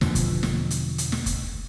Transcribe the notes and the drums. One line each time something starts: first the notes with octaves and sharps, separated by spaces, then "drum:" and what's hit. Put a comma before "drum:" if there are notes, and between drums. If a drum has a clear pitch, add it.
E2 B2 D3 F3, drum: snare
drum: kick F#1, hi-hat
drum: snare
drum: hi-hat
drum: hi-hat
drum: snare
drum: kick F#1, hi-hat